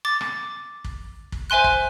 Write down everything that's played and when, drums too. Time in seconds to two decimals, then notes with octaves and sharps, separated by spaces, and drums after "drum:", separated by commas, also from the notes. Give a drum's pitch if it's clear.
0.05 D6 A6
0.21 drum: rim click
0.84 drum: kick
1.32 drum: kick
1.50 C5 E5 G#5 C6 F#6
1.64 drum: kick